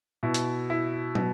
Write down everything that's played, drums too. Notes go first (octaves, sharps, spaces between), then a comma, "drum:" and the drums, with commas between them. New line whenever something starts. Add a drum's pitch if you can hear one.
B2 E4
drum: hi-hat
E4
B2, drum: tom